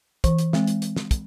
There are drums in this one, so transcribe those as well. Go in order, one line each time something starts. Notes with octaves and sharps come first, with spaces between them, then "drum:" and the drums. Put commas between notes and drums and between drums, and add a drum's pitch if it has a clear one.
E3, drum: kick, hi-hat
drum: hi-hat
G#3 C4, drum: snare
drum: hi-hat
drum: hi-hat
drum: snare
drum: kick, hi-hat